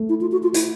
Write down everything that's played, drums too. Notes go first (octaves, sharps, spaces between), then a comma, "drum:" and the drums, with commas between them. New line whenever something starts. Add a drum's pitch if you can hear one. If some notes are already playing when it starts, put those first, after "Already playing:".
Already playing: A3
E4
F4
F#4
F4
E4, drum: hi-hat